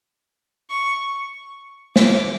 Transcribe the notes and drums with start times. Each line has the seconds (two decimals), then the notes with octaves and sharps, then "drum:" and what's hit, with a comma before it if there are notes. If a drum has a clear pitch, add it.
0.70 C#6
1.96 D6, drum: snare